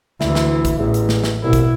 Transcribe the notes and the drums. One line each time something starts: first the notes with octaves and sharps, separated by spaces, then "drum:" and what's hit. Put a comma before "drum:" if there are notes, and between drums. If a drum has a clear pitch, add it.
D2 E3 E4, drum: snare
drum: snare
drum: kick, hi-hat
A1 E2
drum: hi-hat
drum: snare
drum: snare
C2 B2 E4
drum: kick, hi-hat